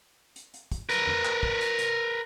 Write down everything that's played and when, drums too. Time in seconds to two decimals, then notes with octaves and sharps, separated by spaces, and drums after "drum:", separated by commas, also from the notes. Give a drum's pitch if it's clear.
0.36 drum: hi-hat
0.54 drum: hi-hat
0.72 drum: kick, hi-hat
0.89 A#4 B4, drum: hi-hat
1.07 drum: tom F2
1.25 drum: clap
1.43 drum: kick
1.61 drum: hi-hat
1.79 drum: hi-hat